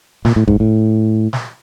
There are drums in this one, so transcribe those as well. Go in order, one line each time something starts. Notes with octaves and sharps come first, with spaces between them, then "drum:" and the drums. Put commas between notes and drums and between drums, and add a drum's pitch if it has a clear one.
A#2, drum: snare
A2
G#2, drum: kick
A2
drum: snare